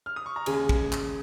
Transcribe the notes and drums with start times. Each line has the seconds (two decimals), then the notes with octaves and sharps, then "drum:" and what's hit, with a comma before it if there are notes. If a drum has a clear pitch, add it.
0.06 F6
0.16 D#6
0.26 C#6
0.36 A#5
0.46 D#2 C#3 G#3 G#5, drum: cymbal
0.69 drum: kick
0.92 drum: clap